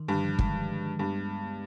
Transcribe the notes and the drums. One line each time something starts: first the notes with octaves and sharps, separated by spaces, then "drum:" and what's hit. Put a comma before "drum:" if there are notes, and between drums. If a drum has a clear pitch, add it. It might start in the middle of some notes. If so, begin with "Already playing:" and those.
Already playing: D#3
G2 D3
F3
G#3, drum: kick
F3
G#3
G#3
G2 B3
B3
G#3
B3